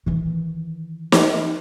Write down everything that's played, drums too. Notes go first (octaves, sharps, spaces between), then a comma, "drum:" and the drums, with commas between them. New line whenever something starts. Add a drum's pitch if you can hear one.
D#3 E3
drum: snare